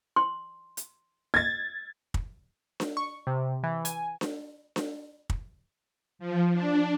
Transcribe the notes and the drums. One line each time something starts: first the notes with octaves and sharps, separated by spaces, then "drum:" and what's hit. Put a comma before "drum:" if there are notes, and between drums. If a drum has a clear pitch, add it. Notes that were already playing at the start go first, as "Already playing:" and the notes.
C6
drum: hi-hat
G#6 A6
drum: kick
drum: snare D4
C#6
C3
E3
G#5, drum: hi-hat
drum: snare D4
drum: snare D4
drum: kick
F3
D4